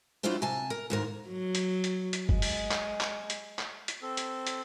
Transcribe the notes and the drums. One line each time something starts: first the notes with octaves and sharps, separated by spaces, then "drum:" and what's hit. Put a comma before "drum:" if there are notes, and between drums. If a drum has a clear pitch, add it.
F#3 D4 E4 F4 G4 C5
C3 G#5 A5
A#4
D#2 G#2 A#4
F#3
drum: hi-hat
drum: hi-hat
drum: hi-hat
G#3, drum: kick
drum: open hi-hat
drum: clap
drum: clap
drum: hi-hat
drum: clap
drum: hi-hat
C4 A4
drum: hi-hat
drum: hi-hat